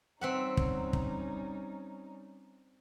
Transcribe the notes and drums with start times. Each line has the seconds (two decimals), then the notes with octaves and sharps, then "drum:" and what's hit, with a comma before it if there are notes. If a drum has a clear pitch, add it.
0.21 G3 C4 C#4 D#4 E5 F#5
0.57 drum: kick
0.93 drum: kick